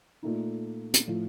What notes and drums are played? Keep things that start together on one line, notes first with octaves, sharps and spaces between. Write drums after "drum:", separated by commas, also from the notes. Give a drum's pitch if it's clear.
A#2 A3 D#4
drum: hi-hat
A2 F3